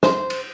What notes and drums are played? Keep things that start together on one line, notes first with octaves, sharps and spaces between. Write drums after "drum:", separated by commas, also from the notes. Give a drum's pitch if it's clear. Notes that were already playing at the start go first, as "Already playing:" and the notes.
C5, drum: snare
drum: cymbal